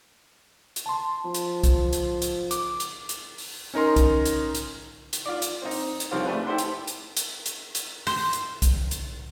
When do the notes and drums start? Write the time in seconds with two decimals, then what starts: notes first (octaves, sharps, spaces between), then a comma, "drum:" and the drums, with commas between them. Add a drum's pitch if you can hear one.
0.76 drum: hi-hat
0.86 A5 C6
1.24 F3
1.34 drum: hi-hat
1.64 drum: kick, hi-hat
1.93 drum: hi-hat
2.22 drum: hi-hat
2.51 D6, drum: hi-hat
2.80 drum: hi-hat
3.09 drum: hi-hat
3.38 drum: open hi-hat
3.74 C#4 D#4 A#4 C6
3.96 drum: kick, hi-hat
4.25 drum: hi-hat
4.55 drum: hi-hat
5.13 drum: hi-hat
5.26 F4 D5
5.42 drum: hi-hat
5.62 C4 D#4
5.71 drum: open hi-hat
6.00 drum: hi-hat
6.11 C2 C#3 F3 G3 C4 F4
6.25 A3 D4 B4
6.47 E4 G4 A4 C5 G5 C6
6.58 drum: hi-hat
6.87 drum: hi-hat
7.17 drum: hi-hat
7.46 drum: hi-hat
7.75 drum: hi-hat
8.07 C5, drum: open hi-hat
8.33 drum: hi-hat
8.62 drum: kick, hi-hat
8.91 drum: hi-hat